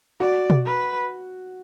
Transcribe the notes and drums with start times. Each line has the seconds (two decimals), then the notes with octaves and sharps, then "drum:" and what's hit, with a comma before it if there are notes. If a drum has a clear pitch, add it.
0.20 F#4 D5
0.50 drum: tom B2
0.65 B4